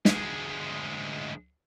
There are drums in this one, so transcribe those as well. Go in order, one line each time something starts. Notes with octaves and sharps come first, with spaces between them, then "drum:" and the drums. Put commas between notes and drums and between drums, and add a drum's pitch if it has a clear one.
D2 G#3, drum: snare